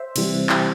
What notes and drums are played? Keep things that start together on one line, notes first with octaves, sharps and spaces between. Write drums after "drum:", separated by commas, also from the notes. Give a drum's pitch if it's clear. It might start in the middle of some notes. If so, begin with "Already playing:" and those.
Already playing: C5 E5
C3 E3 G3 C4, drum: cymbal
E4 G4, drum: clap